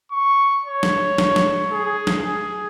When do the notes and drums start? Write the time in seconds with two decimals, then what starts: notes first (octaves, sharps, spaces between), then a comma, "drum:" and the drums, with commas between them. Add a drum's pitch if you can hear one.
0.12 C#6
0.65 C#5
0.83 drum: snare
1.18 drum: snare
1.36 drum: snare
1.72 G#4
2.07 drum: snare
2.25 G#4